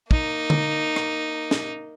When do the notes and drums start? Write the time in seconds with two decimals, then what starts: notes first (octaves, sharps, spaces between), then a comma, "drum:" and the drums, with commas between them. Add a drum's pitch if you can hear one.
0.11 A#3 D#4, drum: kick
0.50 drum: tom D3
0.96 drum: rim click
1.51 drum: snare